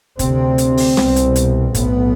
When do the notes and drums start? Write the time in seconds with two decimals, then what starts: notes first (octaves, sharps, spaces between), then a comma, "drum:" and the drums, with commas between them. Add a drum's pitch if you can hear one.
0.19 D2 C3 C4, drum: kick, hi-hat
0.58 drum: hi-hat
0.77 drum: open hi-hat
0.97 C2 B2, drum: snare
1.16 drum: hi-hat
1.36 drum: hi-hat
1.75 B1 A2 B3, drum: kick, hi-hat